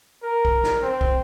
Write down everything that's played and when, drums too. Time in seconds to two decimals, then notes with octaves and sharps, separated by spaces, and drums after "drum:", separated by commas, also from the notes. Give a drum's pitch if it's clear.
0.23 A#4
0.45 drum: kick
0.63 drum: snare
0.82 C4
1.01 drum: kick